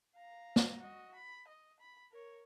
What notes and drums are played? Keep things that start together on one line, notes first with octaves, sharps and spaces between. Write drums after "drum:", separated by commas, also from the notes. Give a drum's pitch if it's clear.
F5 A#5
drum: snare
F#4 D#5
B5
D#5
B5
A#4 C#5